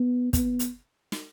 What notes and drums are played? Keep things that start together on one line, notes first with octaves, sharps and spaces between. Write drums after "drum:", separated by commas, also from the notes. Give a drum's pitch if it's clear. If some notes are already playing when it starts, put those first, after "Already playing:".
Already playing: B3
B3, drum: kick, hi-hat
drum: hi-hat
drum: snare